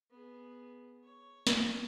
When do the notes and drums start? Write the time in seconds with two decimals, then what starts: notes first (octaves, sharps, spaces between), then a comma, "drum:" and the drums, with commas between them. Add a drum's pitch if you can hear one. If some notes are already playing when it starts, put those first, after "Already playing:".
0.11 B3 G#4
1.03 C#5
1.47 drum: snare